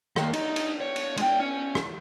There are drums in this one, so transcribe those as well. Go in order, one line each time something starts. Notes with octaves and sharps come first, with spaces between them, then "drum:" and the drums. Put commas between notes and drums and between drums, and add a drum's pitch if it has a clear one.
D#3 A#3, drum: rim click
D#4, drum: cymbal
drum: cymbal
C#5
drum: cymbal
G#3 G5, drum: cymbal
C#4
drum: rim click